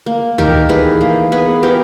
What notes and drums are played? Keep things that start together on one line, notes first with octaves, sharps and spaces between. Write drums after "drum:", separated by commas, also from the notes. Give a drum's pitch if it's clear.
A#3
D#3 G4 A#4, drum: tom D2
E3 G#4 B4
A#3
B3 G#4 B4
B3 G4 A#4